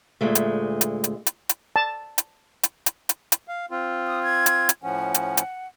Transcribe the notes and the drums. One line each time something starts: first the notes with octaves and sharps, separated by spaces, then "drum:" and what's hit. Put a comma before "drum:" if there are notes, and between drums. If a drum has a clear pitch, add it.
D2 A#2 G#3 A3
drum: hi-hat
drum: hi-hat
drum: hi-hat
drum: hi-hat
drum: hi-hat
A5
drum: hi-hat
drum: hi-hat
drum: hi-hat
drum: hi-hat
drum: hi-hat
F5
C4 F4
D#6
G#6
drum: hi-hat
drum: hi-hat
A2 F3 C#4 F#5
drum: hi-hat
drum: hi-hat